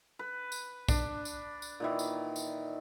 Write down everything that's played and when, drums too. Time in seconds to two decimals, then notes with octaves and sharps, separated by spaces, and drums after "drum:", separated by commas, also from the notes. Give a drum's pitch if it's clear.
0.19 B4
0.52 drum: tambourine
0.89 D4, drum: kick, tambourine
1.25 drum: tambourine
1.62 drum: tambourine
1.80 A#2 D#3 E3
1.99 drum: tambourine
2.36 drum: tambourine